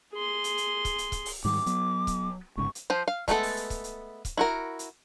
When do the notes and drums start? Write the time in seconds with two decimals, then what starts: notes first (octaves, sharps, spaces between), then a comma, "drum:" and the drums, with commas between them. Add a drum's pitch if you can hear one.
0.14 G#4 C6
0.44 drum: hi-hat
0.58 drum: hi-hat
0.85 drum: kick, hi-hat
0.98 drum: hi-hat
1.12 drum: kick, hi-hat
1.26 drum: open hi-hat
1.45 G#2 D#3 G3 D6
1.66 F#3 B3, drum: hi-hat
2.07 drum: kick, hi-hat
2.57 G1 G#2 C#3 C#6
2.75 drum: hi-hat
2.90 F3 C5
3.08 F5
3.28 G#3 A3 B3 A4, drum: kick, hi-hat
3.43 drum: open hi-hat
3.57 drum: hi-hat
3.70 drum: kick, hi-hat
3.84 drum: hi-hat
4.25 drum: kick, hi-hat
4.37 E4 F#4 A#4
4.79 drum: hi-hat